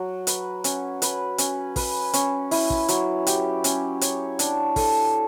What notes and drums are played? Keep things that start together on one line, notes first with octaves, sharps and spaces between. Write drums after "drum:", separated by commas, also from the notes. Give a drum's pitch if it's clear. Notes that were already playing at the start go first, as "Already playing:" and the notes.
Already playing: F#3 F#4
B4, drum: hi-hat
C#4, drum: hi-hat
B4, drum: hi-hat
C#4, drum: hi-hat
B4, drum: kick, open hi-hat
C#4, drum: hi-hat
E4, drum: open hi-hat
drum: kick
F#3, drum: hi-hat
G4, drum: hi-hat
C#4, drum: hi-hat
C#5, drum: hi-hat
D4, drum: hi-hat
A4, drum: kick, open hi-hat